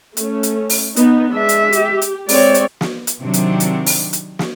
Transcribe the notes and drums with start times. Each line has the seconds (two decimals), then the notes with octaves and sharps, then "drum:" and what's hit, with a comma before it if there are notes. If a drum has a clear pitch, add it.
0.17 A3 C#4, drum: hi-hat
0.43 drum: hi-hat
0.69 drum: open hi-hat
0.96 B3 D#4, drum: hi-hat
1.31 G#3 D4 E5
1.49 drum: hi-hat
1.72 G4, drum: hi-hat
2.02 drum: hi-hat
2.29 G#3 C4 C#5 D5, drum: open hi-hat
2.54 drum: hi-hat
2.81 drum: snare
3.07 drum: hi-hat
3.20 C3 D#3 F#3 C4 D4
3.34 drum: hi-hat
3.60 drum: hi-hat
3.86 drum: open hi-hat
4.13 drum: hi-hat
4.39 drum: snare